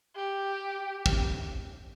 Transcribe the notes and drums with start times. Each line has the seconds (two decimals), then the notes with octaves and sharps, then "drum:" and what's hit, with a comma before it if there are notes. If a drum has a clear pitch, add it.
0.16 G4
1.06 drum: kick